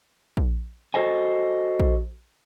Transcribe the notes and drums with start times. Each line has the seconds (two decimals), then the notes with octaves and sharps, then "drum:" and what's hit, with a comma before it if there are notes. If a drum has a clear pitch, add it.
0.37 drum: kick A#1
0.94 F#4 A4 C5 D#5 G#5
1.80 drum: kick A#1